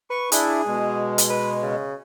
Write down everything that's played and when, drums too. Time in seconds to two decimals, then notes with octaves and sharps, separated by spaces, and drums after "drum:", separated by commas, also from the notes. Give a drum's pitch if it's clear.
0.10 B4 C#6
0.32 D4 E4 G#4, drum: hi-hat
0.66 B2 G#3
1.18 drum: hi-hat
1.30 B4
1.63 C#3